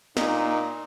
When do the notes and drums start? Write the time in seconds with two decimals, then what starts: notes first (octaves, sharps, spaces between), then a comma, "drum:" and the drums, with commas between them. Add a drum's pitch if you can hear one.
0.17 A#2 D#4, drum: snare